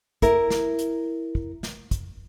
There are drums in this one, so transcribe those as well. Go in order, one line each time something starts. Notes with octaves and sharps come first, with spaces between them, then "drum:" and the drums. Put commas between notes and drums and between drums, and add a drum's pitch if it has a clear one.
E4 A#4, drum: kick, hi-hat
drum: snare
drum: hi-hat
drum: kick
drum: snare
drum: kick, hi-hat